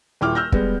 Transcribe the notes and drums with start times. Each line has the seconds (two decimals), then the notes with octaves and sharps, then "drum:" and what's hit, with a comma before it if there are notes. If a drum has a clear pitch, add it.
0.21 D#1 E4 G5 D6 F6
0.35 E6 F6 G6 A#6
0.52 G3 G#3 B3, drum: kick